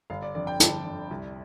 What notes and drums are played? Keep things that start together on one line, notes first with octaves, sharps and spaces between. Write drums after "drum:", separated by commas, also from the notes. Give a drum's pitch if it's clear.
G1 F5
D5
F2 D3 D5
G5
G1 A5, drum: hi-hat
F2 D3
C2